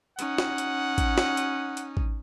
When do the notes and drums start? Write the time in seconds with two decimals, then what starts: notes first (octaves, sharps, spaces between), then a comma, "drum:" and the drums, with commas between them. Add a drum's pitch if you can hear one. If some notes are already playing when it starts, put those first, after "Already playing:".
0.19 C#4 D#4 F#5, drum: hi-hat
0.38 drum: snare
0.58 drum: hi-hat
0.98 drum: kick A1, hi-hat
1.18 drum: snare
1.37 drum: hi-hat
1.77 drum: hi-hat
1.97 drum: kick A1